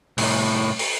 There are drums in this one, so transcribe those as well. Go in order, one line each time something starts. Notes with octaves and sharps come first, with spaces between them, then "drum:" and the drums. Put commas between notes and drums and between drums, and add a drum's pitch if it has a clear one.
C2 A2, drum: open hi-hat
drum: open hi-hat